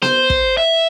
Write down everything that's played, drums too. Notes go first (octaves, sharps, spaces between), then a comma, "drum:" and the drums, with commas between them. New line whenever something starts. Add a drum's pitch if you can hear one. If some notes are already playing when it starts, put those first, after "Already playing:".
C5, drum: snare B3
drum: kick
E5